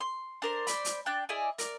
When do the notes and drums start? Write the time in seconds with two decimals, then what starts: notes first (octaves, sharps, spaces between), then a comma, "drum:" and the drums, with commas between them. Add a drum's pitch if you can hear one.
0.01 C6
0.42 D4 A#4 C5
0.67 C5 D5 B5, drum: hi-hat
0.85 drum: hi-hat
1.06 D4 D5 G5 F#6
1.29 E4 G#4 D5 D#5
1.58 A#4 D5, drum: hi-hat